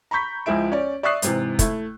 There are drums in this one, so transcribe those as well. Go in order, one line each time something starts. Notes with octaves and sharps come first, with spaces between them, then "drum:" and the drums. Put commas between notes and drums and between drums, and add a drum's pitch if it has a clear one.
A#5 B5 C#6 G6 B6
C#2 F3 G#3 E4 E5 D7
C#4 D5
D5 E5 C#6 D#6 F#6 C7
G#2 C3 E3, drum: hi-hat
A3 E4, drum: kick, hi-hat